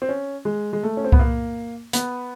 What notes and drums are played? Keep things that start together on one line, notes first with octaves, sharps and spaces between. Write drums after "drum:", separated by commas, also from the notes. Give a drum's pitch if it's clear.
C4
C#4
G#3
G#3
A3
C#4
C4
B3, drum: kick C2
A#3
B3, drum: hi-hat